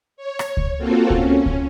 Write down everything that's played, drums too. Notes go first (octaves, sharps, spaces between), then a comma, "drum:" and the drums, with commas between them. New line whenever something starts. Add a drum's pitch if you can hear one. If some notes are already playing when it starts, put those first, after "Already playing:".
C#5
drum: rim click
drum: kick C#2
A#3 C4 F4 F#4 A4
C#4, drum: kick C#2
drum: kick C#2